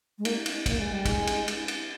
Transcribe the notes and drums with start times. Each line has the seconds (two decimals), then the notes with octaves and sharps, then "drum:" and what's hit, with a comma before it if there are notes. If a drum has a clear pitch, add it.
0.18 G#3
0.25 A#3, drum: cymbal
0.46 drum: cymbal
0.66 A#3, drum: kick, cymbal
0.80 G#3
0.92 G3
1.05 G#3, drum: kick, cymbal
1.27 drum: cymbal
1.48 drum: cymbal
1.68 drum: cymbal